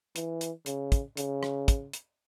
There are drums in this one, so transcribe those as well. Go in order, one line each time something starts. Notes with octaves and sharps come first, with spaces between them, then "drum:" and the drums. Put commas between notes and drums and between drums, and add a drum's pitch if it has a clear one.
E3, drum: hi-hat
drum: hi-hat
C#3, drum: hi-hat
drum: kick, hi-hat
C#3, drum: hi-hat
drum: rim click
drum: kick, hi-hat
drum: hi-hat